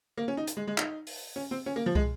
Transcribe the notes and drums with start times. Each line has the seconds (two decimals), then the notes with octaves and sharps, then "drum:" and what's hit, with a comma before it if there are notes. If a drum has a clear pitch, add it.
0.18 A#3
0.28 C#4
0.37 D#4
0.47 drum: hi-hat
0.57 G#3
0.67 G#3
0.78 D#4, drum: clap
1.07 drum: open hi-hat
1.36 C#4
1.51 C4
1.66 C#4
1.76 A#3
1.86 F3
1.95 G#3, drum: kick